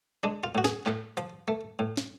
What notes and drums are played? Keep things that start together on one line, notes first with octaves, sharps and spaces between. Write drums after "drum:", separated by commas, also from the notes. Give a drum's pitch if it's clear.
G#3 D4
F4
A2 F#4
G#4, drum: snare
A2, drum: clap
F3, drum: hi-hat
A3
A2
drum: snare